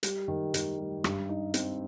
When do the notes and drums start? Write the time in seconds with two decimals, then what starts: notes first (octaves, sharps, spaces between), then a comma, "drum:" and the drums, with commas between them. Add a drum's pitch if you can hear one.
0.03 G3, drum: hi-hat
0.28 D#3
0.54 D#3, drum: hi-hat
0.79 G3
1.04 G2, drum: rim click
1.29 D#4
1.54 C4, drum: hi-hat